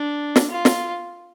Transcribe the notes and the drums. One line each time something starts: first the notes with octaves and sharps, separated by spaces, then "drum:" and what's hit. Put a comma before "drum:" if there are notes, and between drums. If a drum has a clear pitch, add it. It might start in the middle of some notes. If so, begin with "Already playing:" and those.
Already playing: D4
drum: snare
F4
drum: snare